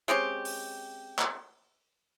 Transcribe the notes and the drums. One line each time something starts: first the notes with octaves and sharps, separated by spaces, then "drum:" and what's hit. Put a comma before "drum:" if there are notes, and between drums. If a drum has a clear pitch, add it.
G#3 C4 C#4 G4
drum: open hi-hat
drum: clap